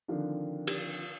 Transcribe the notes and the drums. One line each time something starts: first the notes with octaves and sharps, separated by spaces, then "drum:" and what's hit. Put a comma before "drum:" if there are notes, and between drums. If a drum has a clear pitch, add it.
D3 D#3 F3 C4 D4
drum: cymbal